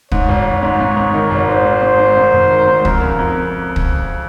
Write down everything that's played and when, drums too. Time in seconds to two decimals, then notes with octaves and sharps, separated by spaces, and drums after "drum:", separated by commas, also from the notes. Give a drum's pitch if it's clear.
0.11 G#2 C#5, drum: kick
0.29 G#1
0.46 G#1
0.63 G#2
0.80 G#2
0.97 G#2
1.14 D#3
1.31 G#1
1.48 G#2 C5
1.65 G#2
1.82 G#2
1.99 G#2
2.17 G#2
2.34 G#1
2.51 D#3
2.68 G#2
2.85 F2 A#4, drum: kick
3.02 C#3
3.19 F2
3.76 drum: kick